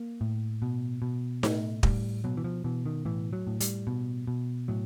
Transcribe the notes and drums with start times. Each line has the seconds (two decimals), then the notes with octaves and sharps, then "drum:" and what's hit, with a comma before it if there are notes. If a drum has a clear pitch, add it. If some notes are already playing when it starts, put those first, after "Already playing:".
Already playing: A#3
0.21 A2
0.62 B2
1.02 B2
1.43 A2 A3, drum: snare D#4
1.83 A2 G3, drum: kick
2.24 B2 F#3
2.37 E3
2.44 F3
2.64 B2 E3
2.86 D#3
3.05 A2 E3
3.33 F#3
3.47 A2
3.60 G3, drum: hi-hat
3.87 B2
4.27 B2
4.68 A2 F#3